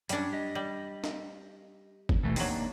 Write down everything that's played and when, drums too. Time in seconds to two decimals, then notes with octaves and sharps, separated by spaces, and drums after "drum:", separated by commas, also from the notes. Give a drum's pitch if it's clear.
0.09 F#2 G3 C#4 D4, drum: hi-hat
0.33 G4 D#5
0.55 G3
1.04 drum: snare
2.09 drum: kick
2.23 B2 E3 A3
2.36 C3 F#3 A#3 D4 D#4, drum: open hi-hat